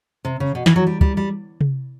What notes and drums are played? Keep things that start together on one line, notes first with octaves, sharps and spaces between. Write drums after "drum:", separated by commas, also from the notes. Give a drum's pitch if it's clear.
C3
C#3
B2
E3, drum: snare
F#3
G3
G3, drum: kick
G3
drum: tom C3